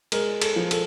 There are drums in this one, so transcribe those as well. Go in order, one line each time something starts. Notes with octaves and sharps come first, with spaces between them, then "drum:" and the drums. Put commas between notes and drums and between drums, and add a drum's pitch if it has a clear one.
G#3 A#4, drum: cymbal
A4, drum: cymbal
F3
A4, drum: cymbal